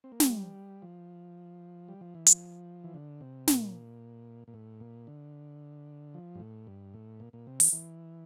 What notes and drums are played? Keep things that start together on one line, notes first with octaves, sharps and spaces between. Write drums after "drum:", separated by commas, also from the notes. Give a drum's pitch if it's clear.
C4
A#3
A3, drum: snare
G3
F3
G3
F3
E3
F3, drum: hi-hat
E3
D3
C3
A#2, drum: snare
A#2
A2
A#2
D3
F3
G2
A2
G2
A2
A#2
A#2
C3
E3, drum: open hi-hat
E3